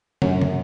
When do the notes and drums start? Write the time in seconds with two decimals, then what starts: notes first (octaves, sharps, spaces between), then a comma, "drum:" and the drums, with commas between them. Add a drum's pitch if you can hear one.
0.22 F#2, drum: tom
0.42 drum: tom